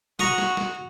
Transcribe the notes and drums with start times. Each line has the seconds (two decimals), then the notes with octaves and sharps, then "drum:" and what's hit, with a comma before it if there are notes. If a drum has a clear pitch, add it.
0.19 F#4 A#5 C#6 D#6, drum: snare
0.38 drum: snare
0.57 drum: snare